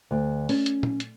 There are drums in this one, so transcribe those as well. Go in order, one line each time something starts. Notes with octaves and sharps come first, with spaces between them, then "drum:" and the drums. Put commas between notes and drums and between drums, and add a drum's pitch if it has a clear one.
D2
C#4, drum: open hi-hat
drum: hi-hat
drum: tom A#2
drum: hi-hat